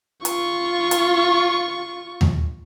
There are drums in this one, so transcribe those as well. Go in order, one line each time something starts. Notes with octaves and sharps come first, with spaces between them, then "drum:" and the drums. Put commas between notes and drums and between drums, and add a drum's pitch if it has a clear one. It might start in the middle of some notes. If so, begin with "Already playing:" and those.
F4 C#6, drum: hi-hat
drum: hi-hat
drum: tom D#2